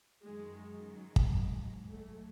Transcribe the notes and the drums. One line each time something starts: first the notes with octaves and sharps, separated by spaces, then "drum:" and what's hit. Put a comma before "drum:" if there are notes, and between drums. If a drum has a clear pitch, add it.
F#2 D#3 F#3 G#3
F#3
drum: kick
G#2 F#3 G#3
F#3 A3